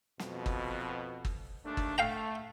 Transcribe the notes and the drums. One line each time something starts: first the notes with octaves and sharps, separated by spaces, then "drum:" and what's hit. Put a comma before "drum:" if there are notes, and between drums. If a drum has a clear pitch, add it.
F2 B2, drum: snare
drum: kick G1
drum: kick G1
D#2 A3 D4
drum: kick G1
A3 F5 G5 A#5